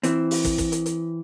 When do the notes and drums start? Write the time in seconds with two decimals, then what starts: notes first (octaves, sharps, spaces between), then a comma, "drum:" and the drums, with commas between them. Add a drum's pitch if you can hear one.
0.03 E3 C4, drum: hi-hat
0.31 drum: open hi-hat
0.45 drum: kick, hi-hat
0.58 drum: kick, hi-hat
0.72 drum: hi-hat
0.86 drum: hi-hat